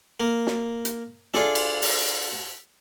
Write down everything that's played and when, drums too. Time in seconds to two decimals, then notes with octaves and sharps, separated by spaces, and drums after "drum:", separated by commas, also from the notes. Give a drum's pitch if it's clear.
0.20 A#3 A#4
0.47 drum: snare
0.85 drum: hi-hat
1.34 D4 F4 G#4 A4 D5 E5, drum: snare
1.55 drum: cymbal
1.82 drum: open hi-hat